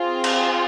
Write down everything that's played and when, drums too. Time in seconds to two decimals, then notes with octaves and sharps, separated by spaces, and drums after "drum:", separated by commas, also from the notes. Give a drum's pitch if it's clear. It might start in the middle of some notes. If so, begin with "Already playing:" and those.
Already playing: C4 F4 G#4
0.24 drum: cymbal